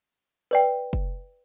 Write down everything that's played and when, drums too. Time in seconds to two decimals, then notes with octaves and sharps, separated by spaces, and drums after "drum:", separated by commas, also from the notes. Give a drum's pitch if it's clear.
0.51 B4 D5 G5
0.93 drum: kick